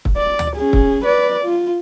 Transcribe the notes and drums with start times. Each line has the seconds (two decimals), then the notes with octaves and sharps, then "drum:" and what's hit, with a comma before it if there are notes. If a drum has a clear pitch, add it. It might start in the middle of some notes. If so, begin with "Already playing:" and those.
0.05 drum: kick
0.17 D5
0.39 drum: tom D2
0.56 C#4 G#4
0.73 drum: kick
1.05 B4 D5
1.45 F4